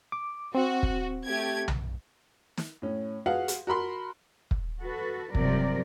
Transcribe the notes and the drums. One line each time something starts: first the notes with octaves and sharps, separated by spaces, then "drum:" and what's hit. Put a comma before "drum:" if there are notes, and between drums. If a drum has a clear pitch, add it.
D6
C4 F#4
drum: kick
A3 G4 G#6
drum: tom B1
drum: snare
A2 C#4
F#4 G#4 B4 F5 F#5
drum: hi-hat
F#4 A#4 B5 C6
drum: kick
F#4 A4 B4
G2 C3 F3 F#3 A#4 D5, drum: kick